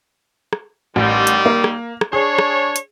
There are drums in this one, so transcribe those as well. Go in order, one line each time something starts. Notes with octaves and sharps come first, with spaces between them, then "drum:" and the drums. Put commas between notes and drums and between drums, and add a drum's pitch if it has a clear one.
drum: rim click
A1 D#3 G3
drum: hi-hat
A#3
drum: rim click
drum: rim click
D4 G#4 C#5
drum: rim click
drum: hi-hat